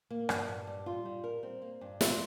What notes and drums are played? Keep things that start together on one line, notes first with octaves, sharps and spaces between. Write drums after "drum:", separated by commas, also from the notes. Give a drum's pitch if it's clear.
A#3
G2, drum: rim click
G2
G3
F4
G3
A#4
C4
A#3
G2
F4, drum: snare